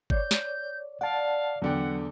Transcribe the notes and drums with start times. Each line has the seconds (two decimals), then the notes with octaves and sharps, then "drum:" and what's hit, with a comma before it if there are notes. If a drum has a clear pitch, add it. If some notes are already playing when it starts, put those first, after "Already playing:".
0.10 C#5 D5 G6, drum: kick
0.31 drum: snare
1.01 D5 F5 F#5 A5
1.62 E2 D3 F#3 F#5 G5